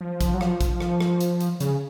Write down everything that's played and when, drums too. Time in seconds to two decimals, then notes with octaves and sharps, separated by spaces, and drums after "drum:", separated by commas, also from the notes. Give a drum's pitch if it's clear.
0.01 F3
0.21 drum: kick A1, hi-hat
0.34 F#3
0.41 F3, drum: rim click
0.61 drum: kick A1, hi-hat
0.81 drum: rim click
1.00 drum: rim click
1.20 drum: hi-hat
1.40 drum: hi-hat
1.60 C#3, drum: hi-hat